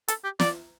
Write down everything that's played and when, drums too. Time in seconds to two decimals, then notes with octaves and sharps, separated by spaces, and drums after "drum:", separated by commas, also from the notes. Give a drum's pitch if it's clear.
0.08 A4, drum: hi-hat
0.24 G4
0.40 D5, drum: snare